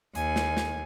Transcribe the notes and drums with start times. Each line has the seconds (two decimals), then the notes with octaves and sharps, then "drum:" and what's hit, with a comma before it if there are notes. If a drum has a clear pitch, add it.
0.15 D#2 G#5, drum: hi-hat
0.36 drum: snare
0.57 drum: snare